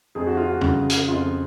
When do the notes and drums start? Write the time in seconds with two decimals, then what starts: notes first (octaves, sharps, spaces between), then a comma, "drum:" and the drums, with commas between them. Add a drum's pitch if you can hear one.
0.15 F2 G#4
0.27 F#4
0.37 F4
0.49 F#4
0.61 C#3, drum: tom E2
0.90 drum: hi-hat
1.08 F2 F4